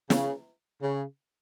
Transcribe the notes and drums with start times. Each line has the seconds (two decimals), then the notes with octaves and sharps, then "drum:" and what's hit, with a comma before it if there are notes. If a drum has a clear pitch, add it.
0.10 C#3, drum: snare
0.81 C#3